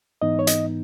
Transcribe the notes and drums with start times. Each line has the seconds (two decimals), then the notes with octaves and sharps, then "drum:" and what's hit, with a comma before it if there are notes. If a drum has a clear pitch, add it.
0.22 G#2 E3 B3 D#4 D#5
0.39 C#5
0.47 D#5, drum: hi-hat